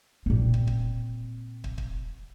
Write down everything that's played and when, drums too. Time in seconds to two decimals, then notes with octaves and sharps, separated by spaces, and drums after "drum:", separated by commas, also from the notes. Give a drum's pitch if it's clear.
0.26 A#2 C4
0.54 drum: kick
0.67 drum: kick
1.64 drum: kick
1.78 drum: kick